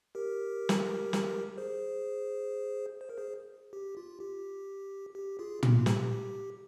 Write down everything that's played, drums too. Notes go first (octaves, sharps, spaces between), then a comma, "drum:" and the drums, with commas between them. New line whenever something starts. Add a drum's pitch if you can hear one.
G4 A#4
drum: snare
drum: snare
G#4 C5
C5
A#4
G#4 C5
G4
F4
G4
G4
F4 G#4
F4, drum: tom
G4, drum: snare